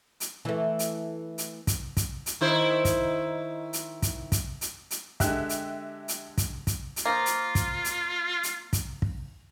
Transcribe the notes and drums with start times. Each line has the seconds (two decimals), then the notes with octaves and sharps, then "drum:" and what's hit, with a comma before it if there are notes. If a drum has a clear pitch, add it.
0.20 drum: hi-hat
0.45 E3 A3
0.79 drum: hi-hat
1.38 drum: hi-hat
1.67 drum: kick, hi-hat
1.97 drum: kick, hi-hat
2.26 drum: hi-hat
2.41 D#3 E4 C5
2.85 drum: kick, hi-hat
3.73 drum: hi-hat
4.02 drum: kick, hi-hat
4.32 drum: kick, hi-hat
4.61 drum: hi-hat
4.91 drum: hi-hat
5.20 D3 G#3 G4 E5 F#6, drum: kick, hi-hat
5.49 drum: hi-hat
6.08 drum: hi-hat
6.38 drum: kick, hi-hat
6.67 drum: kick, hi-hat
6.96 drum: hi-hat
7.05 F3 A#3 F4
7.26 drum: hi-hat
7.55 drum: kick, hi-hat
7.85 drum: hi-hat
8.43 drum: hi-hat
8.73 drum: kick, hi-hat
9.02 drum: kick